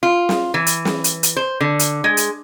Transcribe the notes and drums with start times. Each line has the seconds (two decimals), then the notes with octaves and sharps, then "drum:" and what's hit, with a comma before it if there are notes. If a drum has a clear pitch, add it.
0.03 F4
0.29 drum: snare
0.54 E3
0.66 drum: hi-hat
0.85 drum: snare
1.04 drum: hi-hat
1.23 drum: hi-hat
1.37 C5
1.61 D3
1.79 drum: hi-hat
2.04 G#3
2.17 drum: hi-hat